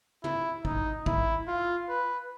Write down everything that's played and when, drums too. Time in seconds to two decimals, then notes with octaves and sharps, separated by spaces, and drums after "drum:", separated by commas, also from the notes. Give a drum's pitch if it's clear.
0.24 E4, drum: tom
0.65 D#4, drum: kick
1.06 E4, drum: kick
1.47 F4
1.89 B4